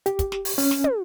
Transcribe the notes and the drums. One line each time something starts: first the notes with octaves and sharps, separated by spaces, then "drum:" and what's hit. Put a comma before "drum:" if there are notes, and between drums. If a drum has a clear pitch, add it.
G4, drum: hi-hat
drum: kick, hi-hat
drum: snare
drum: open hi-hat
C#4, drum: open hi-hat
drum: snare
drum: tom